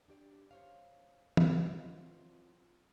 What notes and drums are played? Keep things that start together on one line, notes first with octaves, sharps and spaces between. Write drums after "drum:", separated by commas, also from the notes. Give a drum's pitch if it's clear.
D4 G4 D5
C5 C#5 F5
F#3 C4 E4 F4 B4 D#5, drum: tom